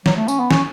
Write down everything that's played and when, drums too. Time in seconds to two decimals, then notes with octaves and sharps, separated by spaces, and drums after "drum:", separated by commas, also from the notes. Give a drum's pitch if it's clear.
0.06 F#3, drum: snare
0.17 A3
0.28 C#4, drum: tambourine
0.40 B3
0.51 C#4, drum: snare